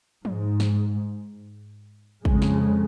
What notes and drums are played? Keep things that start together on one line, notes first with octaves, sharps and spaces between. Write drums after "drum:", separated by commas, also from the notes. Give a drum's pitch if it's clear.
G#2, drum: tom
drum: snare
F2 C#3 G#3, drum: kick
drum: snare